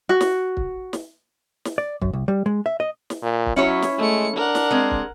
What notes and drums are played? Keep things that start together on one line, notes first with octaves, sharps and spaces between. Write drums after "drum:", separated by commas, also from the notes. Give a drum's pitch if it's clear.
F#4
drum: snare
drum: kick
drum: snare
drum: snare
D5
F#2, drum: kick
C2
G3
G#3
E5
D#5
drum: snare
A#2
drum: kick
F#3 C#4 E4 C#5
drum: snare
G#3 A3 C#7
D4 A#4 F#5
drum: snare
G#3 C4
drum: kick